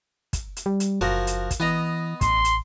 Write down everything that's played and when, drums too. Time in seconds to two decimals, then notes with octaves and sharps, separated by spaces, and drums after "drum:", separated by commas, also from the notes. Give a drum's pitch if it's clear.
0.33 drum: kick, hi-hat
0.57 drum: hi-hat
0.66 G3
0.80 drum: hi-hat
1.01 F#1 F3 F#4 A#4
1.27 drum: hi-hat
1.51 drum: kick, hi-hat
1.60 E3 B3 D#5 A#5
2.21 A1 C6, drum: kick, hi-hat
2.45 drum: hi-hat